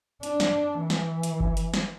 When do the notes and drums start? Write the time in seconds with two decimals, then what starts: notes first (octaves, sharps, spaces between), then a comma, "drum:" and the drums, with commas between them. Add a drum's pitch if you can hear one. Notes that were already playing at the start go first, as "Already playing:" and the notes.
0.23 D4, drum: hi-hat
0.40 drum: snare
0.79 E3
0.90 drum: snare
1.23 drum: hi-hat
1.40 drum: kick F#1
1.57 drum: hi-hat
1.74 drum: snare